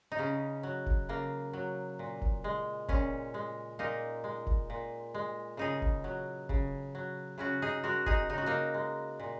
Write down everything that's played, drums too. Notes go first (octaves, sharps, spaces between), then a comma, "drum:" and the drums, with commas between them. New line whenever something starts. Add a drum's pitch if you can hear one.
D#4
C#3 C#4
F#3
drum: kick
C#3 A#3
F#3
A#2
drum: kick
G#3
A#2 C#4, drum: kick
G#3
A#2 A#3 D#4
G#3
drum: kick
A#2
G#3
C#3 D#4 G#4
drum: kick
F#3
C#3, drum: kick
F#3
C#3 C#4 F#4
D#4 G#4
G#3 F#4 A#4
D#4 G#4, drum: kick
C#3 D#4
F#4
A#3 D#4
G#3
A#2